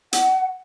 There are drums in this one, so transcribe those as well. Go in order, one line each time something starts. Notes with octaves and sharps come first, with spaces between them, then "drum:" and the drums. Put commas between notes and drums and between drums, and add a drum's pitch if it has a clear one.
F#5, drum: hi-hat